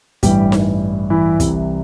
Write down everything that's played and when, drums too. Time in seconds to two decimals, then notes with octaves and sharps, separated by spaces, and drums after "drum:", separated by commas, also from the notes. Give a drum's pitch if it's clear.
0.23 A1 G2 E3 G3 G4, drum: kick, hi-hat
0.52 drum: snare D#4
1.10 E3 E4
1.40 C2 C3 E3, drum: kick, hi-hat